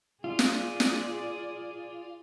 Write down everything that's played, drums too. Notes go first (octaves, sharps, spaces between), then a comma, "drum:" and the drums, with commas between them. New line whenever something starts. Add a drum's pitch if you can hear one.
F4 G#4 D5
drum: snare
drum: snare